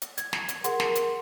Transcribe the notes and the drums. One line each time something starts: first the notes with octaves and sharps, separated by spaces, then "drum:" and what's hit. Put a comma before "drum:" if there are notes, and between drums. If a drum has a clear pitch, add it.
drum: hi-hat
G#6, drum: hi-hat
drum: snare
drum: hi-hat
G#4 A#4 F#5 C6, drum: hi-hat
drum: snare
drum: hi-hat